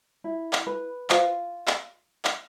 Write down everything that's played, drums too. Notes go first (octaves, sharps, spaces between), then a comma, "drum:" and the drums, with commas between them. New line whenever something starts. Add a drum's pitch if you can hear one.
E4
drum: clap
B4
F4 C5, drum: clap
drum: clap
drum: clap